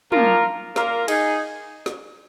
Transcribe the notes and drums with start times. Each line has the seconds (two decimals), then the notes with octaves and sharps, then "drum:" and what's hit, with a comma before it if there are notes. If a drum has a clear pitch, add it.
0.12 A#2 F3 A#3 F4 A#4, drum: tom
0.76 A#2 A#3 F4 A#4, drum: snare
1.08 D#4 G#4, drum: cymbal
1.86 drum: snare